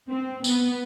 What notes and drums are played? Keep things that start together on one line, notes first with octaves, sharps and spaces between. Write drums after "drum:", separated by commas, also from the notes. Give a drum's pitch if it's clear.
C4
B3, drum: tambourine